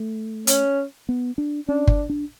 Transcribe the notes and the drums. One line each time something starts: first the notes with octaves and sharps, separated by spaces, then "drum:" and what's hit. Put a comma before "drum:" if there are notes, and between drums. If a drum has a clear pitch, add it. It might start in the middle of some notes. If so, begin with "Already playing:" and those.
Already playing: A3
C#4, drum: hi-hat
B3
D4
C#4 D4
drum: kick G1
D4